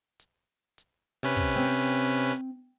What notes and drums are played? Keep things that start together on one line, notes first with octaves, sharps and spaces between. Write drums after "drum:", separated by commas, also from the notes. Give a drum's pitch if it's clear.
drum: hi-hat
drum: hi-hat
C3 C#4 B4
drum: kick, hi-hat
C4, drum: hi-hat
drum: hi-hat
drum: hi-hat